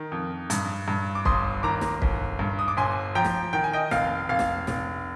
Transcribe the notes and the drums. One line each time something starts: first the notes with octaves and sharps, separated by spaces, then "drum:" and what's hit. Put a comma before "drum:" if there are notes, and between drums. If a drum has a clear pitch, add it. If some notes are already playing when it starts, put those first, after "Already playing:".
Already playing: D#3
F2
G2, drum: hi-hat
G2
D6
G1 C6 D#6, drum: kick
D#3 A#5 D6
drum: snare
G1, drum: kick
G2
D#6
D6
G1 G#5 C6
F3 G5 A#5
drum: snare
D#3 G5
G#5
D#5 G5
F1 F5, drum: snare
F1 F5
drum: snare
F1, drum: snare